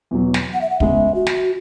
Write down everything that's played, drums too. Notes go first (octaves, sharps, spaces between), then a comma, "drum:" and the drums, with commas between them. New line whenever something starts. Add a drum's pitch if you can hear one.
E2 B2 F#3
drum: snare
F#5
E5
F#5
E2 C#3 G#3 E5, drum: kick
F#4
drum: snare